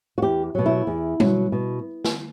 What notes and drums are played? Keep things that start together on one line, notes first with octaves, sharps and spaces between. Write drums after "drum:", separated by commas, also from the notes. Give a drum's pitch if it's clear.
F#4
E2 G4
B2 F#3
E4
E2
B2 F#3, drum: tom G3
B2
drum: snare